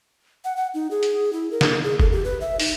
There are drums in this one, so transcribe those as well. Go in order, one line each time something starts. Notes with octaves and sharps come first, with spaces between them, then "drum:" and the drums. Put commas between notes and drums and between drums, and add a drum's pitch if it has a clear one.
F#5
F#5
D#4
G#4
drum: hi-hat
E4
A#4
drum: snare
G#4
A4, drum: kick
G4
B4
E5
D#4, drum: open hi-hat